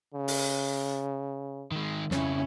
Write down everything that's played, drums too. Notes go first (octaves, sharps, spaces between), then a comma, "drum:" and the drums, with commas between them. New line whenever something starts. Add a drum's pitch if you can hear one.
C#3
drum: open hi-hat
D#3 G#3
F2 C#3 C#4 E4, drum: snare